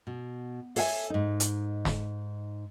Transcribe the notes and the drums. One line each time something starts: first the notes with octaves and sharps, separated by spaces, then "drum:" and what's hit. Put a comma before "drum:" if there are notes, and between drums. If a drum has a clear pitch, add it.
B2
A4 C#5 E5 F5 G#5, drum: open hi-hat
G#2 D#4
drum: hi-hat
drum: snare